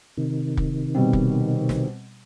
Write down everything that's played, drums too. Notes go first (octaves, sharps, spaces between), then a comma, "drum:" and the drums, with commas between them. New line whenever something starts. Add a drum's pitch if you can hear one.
C3 D#3
drum: kick
B2 G3 C4
drum: kick
drum: snare